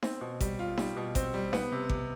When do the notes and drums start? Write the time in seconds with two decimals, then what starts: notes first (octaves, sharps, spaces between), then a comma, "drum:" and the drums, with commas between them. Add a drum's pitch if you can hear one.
0.03 C4, drum: snare D#4
0.21 B2
0.40 G3, drum: kick G#1, hi-hat
0.59 F4
0.77 G3, drum: snare D#4
0.97 B2
1.15 C4, drum: kick G#1, hi-hat
1.34 G3
1.53 B3, drum: snare D#4
1.72 C3
1.89 C3, drum: kick G#1